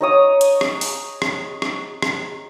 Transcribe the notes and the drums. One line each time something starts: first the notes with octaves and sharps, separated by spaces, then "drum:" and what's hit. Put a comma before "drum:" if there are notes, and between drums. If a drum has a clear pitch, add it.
D#4 C#5 D#6
drum: hi-hat
drum: rim click
drum: open hi-hat
drum: rim click
drum: rim click
drum: rim click